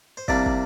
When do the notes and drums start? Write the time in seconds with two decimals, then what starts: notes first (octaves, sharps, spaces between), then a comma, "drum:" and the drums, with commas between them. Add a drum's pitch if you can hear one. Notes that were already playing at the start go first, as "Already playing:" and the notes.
0.17 C5
0.28 C2 C3 G3 A#3 D4 D5, drum: kick
0.46 drum: kick